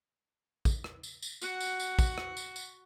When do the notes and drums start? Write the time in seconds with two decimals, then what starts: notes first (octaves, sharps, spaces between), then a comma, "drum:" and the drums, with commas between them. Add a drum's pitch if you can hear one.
0.65 drum: kick, tambourine
0.84 drum: rim click
1.03 drum: tambourine
1.22 drum: tambourine
1.41 F#4 F#5, drum: tambourine
1.61 drum: tambourine
1.80 drum: tambourine
1.99 drum: kick, tambourine
2.18 drum: rim click
2.37 drum: tambourine
2.56 drum: tambourine